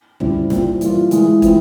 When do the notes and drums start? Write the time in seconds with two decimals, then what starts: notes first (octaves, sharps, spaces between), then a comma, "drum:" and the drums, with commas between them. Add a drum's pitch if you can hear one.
0.20 C#3 G3 C4 E4, drum: tom
0.50 A#2 G3 C4 E4, drum: snare
0.81 E3 G3 A#3 F4, drum: hi-hat
1.11 E3 G#3 E4, drum: hi-hat
1.42 E3 G#3 C4 E4, drum: kick, hi-hat